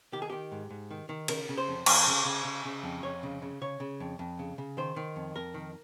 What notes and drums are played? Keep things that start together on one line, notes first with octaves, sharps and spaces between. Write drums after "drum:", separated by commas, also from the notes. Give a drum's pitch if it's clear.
D#3 G4
G#4
D#3 G4
G#2
G#2
D#3
D#3
C#3 A#4, drum: cymbal
C#3
C5
F2
F2, drum: cymbal
C#3
C#3
C#3
C#3
F2
F2 C#5
C#3
C#3
C#3 C#5
C#3
F2
F2
C#3
C#3
D#3 C5
D#3
F2
F2 A#4
D#3